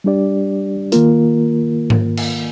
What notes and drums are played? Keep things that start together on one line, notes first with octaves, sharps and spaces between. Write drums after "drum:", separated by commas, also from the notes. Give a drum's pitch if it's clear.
G3 D4 G4 D5
D#3 A#3 F4 A#4, drum: hi-hat
drum: tom G#2
drum: cymbal